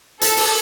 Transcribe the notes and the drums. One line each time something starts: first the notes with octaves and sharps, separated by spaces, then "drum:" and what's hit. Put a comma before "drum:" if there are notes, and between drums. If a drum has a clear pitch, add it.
A4, drum: hi-hat
drum: open hi-hat